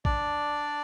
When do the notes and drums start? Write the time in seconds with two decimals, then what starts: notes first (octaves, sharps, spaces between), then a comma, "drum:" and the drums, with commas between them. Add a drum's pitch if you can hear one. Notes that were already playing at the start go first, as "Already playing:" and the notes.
0.05 D4 D5, drum: kick A1